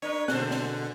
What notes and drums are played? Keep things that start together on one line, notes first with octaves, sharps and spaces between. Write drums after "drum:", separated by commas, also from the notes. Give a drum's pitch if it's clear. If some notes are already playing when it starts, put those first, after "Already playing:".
D4 A#4 C#5
B2 D3 G#4 A4 C5 F#6, drum: snare
drum: snare